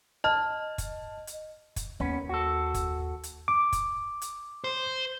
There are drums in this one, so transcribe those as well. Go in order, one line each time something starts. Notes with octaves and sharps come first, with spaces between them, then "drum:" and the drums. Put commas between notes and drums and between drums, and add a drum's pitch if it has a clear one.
D#5 A5 F6
drum: kick, hi-hat
drum: hi-hat
drum: kick, hi-hat
D#2 B3 C#4
F#4 A4
drum: kick, hi-hat
drum: hi-hat
D6
drum: kick, hi-hat
drum: hi-hat
C5